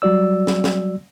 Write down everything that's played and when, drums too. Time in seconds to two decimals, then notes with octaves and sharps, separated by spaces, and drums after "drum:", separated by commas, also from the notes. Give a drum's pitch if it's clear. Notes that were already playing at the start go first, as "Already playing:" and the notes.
0.02 F#3 G3 F#4 D5 E6
0.47 drum: snare
0.64 drum: snare